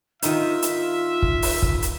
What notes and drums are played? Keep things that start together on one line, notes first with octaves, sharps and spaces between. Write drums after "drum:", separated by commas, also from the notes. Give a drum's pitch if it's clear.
D#3 D#4 F4 E5, drum: hi-hat
drum: hi-hat
drum: kick
drum: open hi-hat
drum: kick
drum: hi-hat